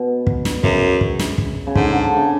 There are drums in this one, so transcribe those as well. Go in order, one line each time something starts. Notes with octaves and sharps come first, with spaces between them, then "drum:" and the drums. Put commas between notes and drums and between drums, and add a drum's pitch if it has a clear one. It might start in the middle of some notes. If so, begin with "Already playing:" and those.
Already playing: B2
drum: kick
drum: snare
F#2 C#3, drum: kick
drum: kick
drum: snare
drum: kick
C#3
G#2 D3, drum: kick
D3
D3
C#3